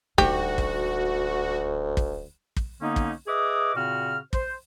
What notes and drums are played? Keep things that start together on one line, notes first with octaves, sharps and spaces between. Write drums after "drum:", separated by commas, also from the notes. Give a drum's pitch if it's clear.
D#1 D2 D#4 F#4 G4, drum: kick
drum: kick
drum: kick
drum: kick
D3 A#3 B3 C#4 D#4
drum: kick
G#4 B4 D#5 E5 D6 D#6
A#2 C#3 C4 F#4 F6
C5, drum: kick